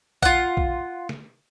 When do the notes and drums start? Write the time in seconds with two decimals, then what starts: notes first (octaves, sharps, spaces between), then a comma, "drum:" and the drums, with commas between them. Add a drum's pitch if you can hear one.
0.22 F4 F#5, drum: kick A#1
0.57 drum: kick A#1
1.09 drum: snare